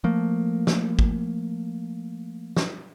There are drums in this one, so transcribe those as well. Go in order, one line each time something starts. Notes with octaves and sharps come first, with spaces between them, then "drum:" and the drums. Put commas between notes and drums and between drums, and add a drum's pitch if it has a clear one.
F3 A3 A#3
drum: snare
drum: kick
drum: snare